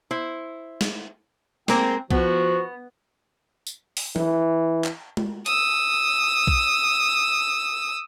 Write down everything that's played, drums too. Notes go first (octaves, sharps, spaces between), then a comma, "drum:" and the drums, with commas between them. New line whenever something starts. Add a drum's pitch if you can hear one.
E4 C5
drum: snare
G#3 A#3 C4 A#4, drum: snare
F3 B3 F#4, drum: kick B1
drum: tambourine
drum: open hi-hat
E3, drum: tom E3
drum: clap
drum: tom G#3
D#6 E6, drum: hi-hat
drum: kick B1